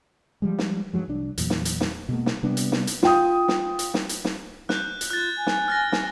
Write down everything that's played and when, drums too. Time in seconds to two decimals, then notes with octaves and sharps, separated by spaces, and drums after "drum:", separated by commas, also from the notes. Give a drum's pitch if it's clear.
0.42 F3 G3 G#3
0.59 drum: snare
0.93 G2 F3 F#3 G#3
1.08 C2 D4
1.38 E2 A#2 F#3, drum: hi-hat
1.50 drum: snare
1.65 drum: hi-hat
1.81 drum: snare
2.09 B2 G#3 A#3
2.26 drum: snare
2.43 C3 G3 B3 D4
2.57 drum: hi-hat
2.72 drum: snare
2.87 drum: hi-hat
3.03 F4 G5 D#6, drum: snare
3.48 drum: snare
3.79 drum: hi-hat
3.94 drum: snare
4.09 drum: hi-hat
4.25 drum: snare
4.69 F#6 G6, drum: snare
5.01 drum: hi-hat
5.10 F4 F#6 A6
5.37 G#5
5.47 drum: snare
5.68 F6 A6 A#6
5.92 drum: snare